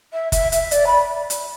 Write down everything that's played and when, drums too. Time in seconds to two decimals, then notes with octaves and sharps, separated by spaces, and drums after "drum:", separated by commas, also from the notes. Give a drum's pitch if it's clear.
0.13 E5
0.32 E5, drum: kick F#1, hi-hat
0.52 E5, drum: hi-hat
0.71 D5, drum: hi-hat
0.86 B5
1.30 drum: hi-hat